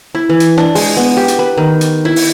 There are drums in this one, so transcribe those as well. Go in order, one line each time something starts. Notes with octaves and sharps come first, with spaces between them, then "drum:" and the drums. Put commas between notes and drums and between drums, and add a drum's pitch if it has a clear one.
E4
E3
drum: hi-hat
D4, drum: rim click
G#3, drum: open hi-hat
B3
G4
drum: hi-hat
B4
D#3
drum: hi-hat
E4
drum: open hi-hat